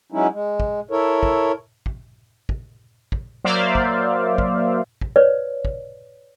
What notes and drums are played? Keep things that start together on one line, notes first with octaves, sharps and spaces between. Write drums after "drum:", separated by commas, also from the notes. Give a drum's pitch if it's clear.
F#3 G#3 C#4 D#4 E4
G#3
drum: kick
E4 A4 A#4 C#5
drum: kick
drum: kick
drum: kick
drum: kick
F#3 A#3 C5 D5 E5 F5
drum: kick
drum: kick
drum: kick
B4 C#5 D5
drum: kick